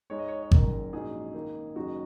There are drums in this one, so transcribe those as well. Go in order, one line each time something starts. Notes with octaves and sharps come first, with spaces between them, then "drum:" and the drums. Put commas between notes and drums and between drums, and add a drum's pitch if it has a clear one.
G#2 G#3 D#4 C#5
D#5
C#5
C#5
F#1 F#2 D#3 A#4, drum: kick G#1
A#1 G#2 F#3 D#4 G#4
G#2 D#3 A#3 D#4
F#1 F#2 D#3 G#3 D#4 F#4